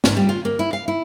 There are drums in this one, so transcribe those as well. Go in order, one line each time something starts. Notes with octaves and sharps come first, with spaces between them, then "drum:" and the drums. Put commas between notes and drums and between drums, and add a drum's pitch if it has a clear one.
G#2, drum: snare
G3
F4
A#3
E4
F5
E4